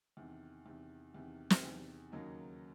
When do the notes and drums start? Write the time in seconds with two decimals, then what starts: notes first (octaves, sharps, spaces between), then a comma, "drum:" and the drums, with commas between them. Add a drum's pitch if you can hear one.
0.17 E2 C3 D#3
0.66 E2 C3 D#3
1.14 E2 C3 D#3
1.50 drum: snare
1.63 E2 C3 D#3
2.12 D#2 C#3 F#3 A#3 D#4